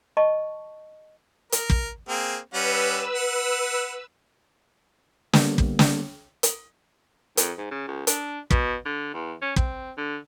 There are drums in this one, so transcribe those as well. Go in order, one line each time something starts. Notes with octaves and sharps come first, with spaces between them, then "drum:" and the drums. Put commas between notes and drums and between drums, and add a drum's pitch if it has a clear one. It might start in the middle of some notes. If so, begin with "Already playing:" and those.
D#5 A5 C#6
A#4, drum: hi-hat
drum: kick
A#3 C4 G#4
G3 C#4 B4 F#5 E6
F#5
D3 G3 A#3 B3, drum: snare
drum: kick
drum: snare
drum: hi-hat
F2, drum: hi-hat
G#2
C#3
C#2
D4, drum: hi-hat
B2, drum: kick
D3
E2
C#4
C4, drum: kick
D3